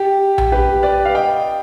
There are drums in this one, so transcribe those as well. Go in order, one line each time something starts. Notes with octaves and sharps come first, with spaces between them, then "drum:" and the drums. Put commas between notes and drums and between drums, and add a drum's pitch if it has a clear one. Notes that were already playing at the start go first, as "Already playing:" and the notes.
Already playing: G4
drum: tom A#1
G4 B4
B4 D5
F5
D#5 G5